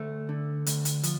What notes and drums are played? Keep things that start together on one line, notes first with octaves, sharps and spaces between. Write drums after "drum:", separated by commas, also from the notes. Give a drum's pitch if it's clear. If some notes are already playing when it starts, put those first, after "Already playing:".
Already playing: D2 A3
D3
D2, drum: hi-hat
drum: hi-hat
F3, drum: hi-hat